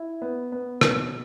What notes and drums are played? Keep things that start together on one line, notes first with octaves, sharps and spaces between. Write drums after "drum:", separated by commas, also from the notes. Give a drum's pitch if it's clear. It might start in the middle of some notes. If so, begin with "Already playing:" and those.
Already playing: E4
B3
B3
B2, drum: rim click